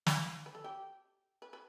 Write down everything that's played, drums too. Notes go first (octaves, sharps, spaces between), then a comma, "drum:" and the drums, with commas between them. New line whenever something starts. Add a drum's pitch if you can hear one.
F4, drum: snare
B4
A4
G4
B4
B4